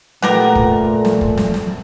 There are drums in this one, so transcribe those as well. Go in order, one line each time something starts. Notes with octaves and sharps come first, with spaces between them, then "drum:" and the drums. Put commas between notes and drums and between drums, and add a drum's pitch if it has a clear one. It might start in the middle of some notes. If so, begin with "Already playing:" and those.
A#2 A3 B3 G4 A#4, drum: snare
drum: kick
drum: snare
drum: kick
drum: snare
drum: snare